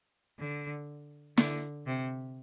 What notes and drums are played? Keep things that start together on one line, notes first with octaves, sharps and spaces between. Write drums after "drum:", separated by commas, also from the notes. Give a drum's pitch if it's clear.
D3
D3, drum: snare
C3